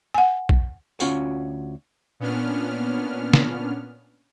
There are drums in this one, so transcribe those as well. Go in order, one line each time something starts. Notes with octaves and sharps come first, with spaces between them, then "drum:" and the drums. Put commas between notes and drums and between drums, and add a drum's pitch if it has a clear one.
F#5 G#5
drum: kick B1
D2 C#4 F4 F#4 F5, drum: tambourine
A#2 B3 C#4 D4 F6
drum: snare